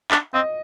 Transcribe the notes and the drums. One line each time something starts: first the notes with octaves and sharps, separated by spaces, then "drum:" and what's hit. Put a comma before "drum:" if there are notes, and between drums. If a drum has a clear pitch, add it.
D4, drum: clap
C4 D#5